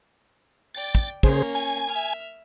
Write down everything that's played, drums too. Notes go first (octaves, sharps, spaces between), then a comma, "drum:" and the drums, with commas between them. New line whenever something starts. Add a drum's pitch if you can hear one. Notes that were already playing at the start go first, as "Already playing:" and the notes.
D5 G5 A6
drum: kick
C#3 A#3 C#4 G#4 C5, drum: kick
G#5
E5 F6